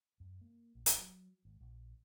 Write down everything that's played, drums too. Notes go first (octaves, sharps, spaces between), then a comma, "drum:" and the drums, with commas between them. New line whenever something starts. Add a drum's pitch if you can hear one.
F#2
A#3
A#1
drum: hi-hat
F#3
G#1
A#1